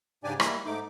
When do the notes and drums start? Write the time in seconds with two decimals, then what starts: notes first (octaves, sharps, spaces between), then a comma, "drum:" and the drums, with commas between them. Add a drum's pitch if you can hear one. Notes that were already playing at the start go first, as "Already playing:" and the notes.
0.24 G#2 C#3 D4 G4 D5 G#5
0.40 G3 G#3 A#3 E4, drum: rim click
0.65 G#2 A3 D#4 D6